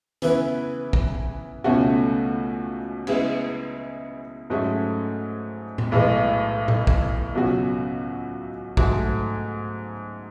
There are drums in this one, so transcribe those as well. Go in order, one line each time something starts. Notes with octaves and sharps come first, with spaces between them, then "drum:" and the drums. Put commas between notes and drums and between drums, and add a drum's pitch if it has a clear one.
C#3 E3 B3 E4 B4, drum: hi-hat
drum: kick
C#2 B2 A3 C#4 F#4
C#3 G#3 B3 E4 G#4, drum: cymbal
G#2 F#3 A3 C#4 G#4
drum: tom A2
B1 A2 E3 G#3
drum: tom A2
drum: kick
C#2 B2 F#3 C#4 F#4
G#2 F#3 A3, drum: kick